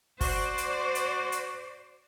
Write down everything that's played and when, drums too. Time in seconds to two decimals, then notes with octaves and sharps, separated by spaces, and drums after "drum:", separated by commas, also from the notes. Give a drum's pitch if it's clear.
0.21 F#4 C5 D5, drum: kick, open hi-hat
0.58 drum: hi-hat
0.95 drum: hi-hat
1.32 drum: hi-hat